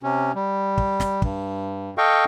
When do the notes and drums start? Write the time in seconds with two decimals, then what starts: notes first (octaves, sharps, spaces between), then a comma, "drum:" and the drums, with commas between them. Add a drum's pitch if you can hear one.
0.03 C3 C#4
0.36 G3
0.78 drum: kick
1.00 drum: snare
1.22 G2, drum: kick
1.98 A4 D#5 F5 G5 C#6